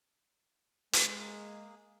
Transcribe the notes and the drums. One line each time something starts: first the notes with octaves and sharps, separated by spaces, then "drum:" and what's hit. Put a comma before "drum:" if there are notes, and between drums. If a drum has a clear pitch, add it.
G#3, drum: hi-hat
A#3 G#4